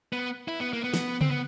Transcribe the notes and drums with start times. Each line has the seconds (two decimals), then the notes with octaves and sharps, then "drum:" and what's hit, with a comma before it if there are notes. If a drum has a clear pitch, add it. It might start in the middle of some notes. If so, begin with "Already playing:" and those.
0.13 B3
0.48 E4
0.60 B3
0.73 A#3
0.84 B3
0.94 drum: snare
1.21 C4, drum: tom C#3
1.31 B3